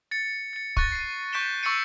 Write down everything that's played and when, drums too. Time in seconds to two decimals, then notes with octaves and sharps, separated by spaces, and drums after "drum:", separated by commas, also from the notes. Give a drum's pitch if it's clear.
0.11 A6 C#7
0.53 A6 C#7
0.77 C#6 F#6 A6 A#6, drum: kick
0.92 C7 D#7
1.32 C#6 G6 B6 D7 E7 G7
1.63 C#6 E6 A6 C7 C#7 D#7